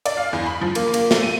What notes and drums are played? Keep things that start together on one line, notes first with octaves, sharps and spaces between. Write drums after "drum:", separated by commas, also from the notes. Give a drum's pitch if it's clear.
D5, drum: cymbal
F5
E2
B5
F3
A#3, drum: cymbal
A#3, drum: cymbal
A3, drum: snare
D#7